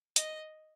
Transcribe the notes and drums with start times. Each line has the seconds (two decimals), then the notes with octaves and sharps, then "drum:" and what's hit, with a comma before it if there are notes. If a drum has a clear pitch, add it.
0.16 D#5, drum: hi-hat